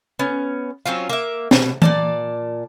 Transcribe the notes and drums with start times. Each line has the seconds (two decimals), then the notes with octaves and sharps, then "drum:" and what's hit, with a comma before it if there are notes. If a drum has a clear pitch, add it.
0.19 B3 C#4
0.86 F#3 C4 C#4 F4
1.09 A#3 E5
1.51 B2, drum: snare
1.82 A#2 D5 A5, drum: tom E3